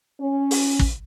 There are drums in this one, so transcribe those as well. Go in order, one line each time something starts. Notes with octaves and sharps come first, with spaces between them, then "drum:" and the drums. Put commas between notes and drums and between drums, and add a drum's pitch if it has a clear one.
C#4
drum: open hi-hat
drum: kick